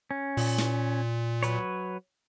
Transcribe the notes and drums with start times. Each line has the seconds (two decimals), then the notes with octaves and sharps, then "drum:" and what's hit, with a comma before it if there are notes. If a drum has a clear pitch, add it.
0.11 C#4
0.37 A#2, drum: open hi-hat
0.58 drum: snare
1.43 F#3 B4 C#5, drum: hi-hat